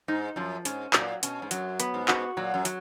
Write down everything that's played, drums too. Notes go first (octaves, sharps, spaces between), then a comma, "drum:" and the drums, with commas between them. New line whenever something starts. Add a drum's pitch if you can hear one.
G#2 D#4
F#2 F3
G#2 C#4, drum: hi-hat
A#2 F#3, drum: clap
B2 C#4, drum: hi-hat
G#2
F#2 F#3, drum: hi-hat
B3, drum: hi-hat
G#2
F#4, drum: clap
A#2 F#3
F#2
F#3, drum: hi-hat